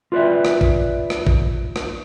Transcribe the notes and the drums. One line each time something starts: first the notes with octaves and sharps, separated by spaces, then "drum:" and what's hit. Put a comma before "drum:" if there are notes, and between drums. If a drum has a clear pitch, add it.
F4 B4 D5 E5
drum: rim click
drum: kick A1
drum: rim click
drum: kick A1
drum: rim click